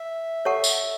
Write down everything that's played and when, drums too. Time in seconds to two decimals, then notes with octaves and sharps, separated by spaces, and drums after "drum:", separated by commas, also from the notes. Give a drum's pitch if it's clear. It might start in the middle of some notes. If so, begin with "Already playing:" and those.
Already playing: E5
0.45 A4 C#5 F#5 A5 C#6
0.64 drum: tambourine